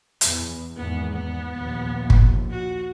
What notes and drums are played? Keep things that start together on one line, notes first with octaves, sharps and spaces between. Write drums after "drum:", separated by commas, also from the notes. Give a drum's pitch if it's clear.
E2, drum: hi-hat
G#1 E2 B3
B3
A#1 D#2 F3
drum: kick
F#4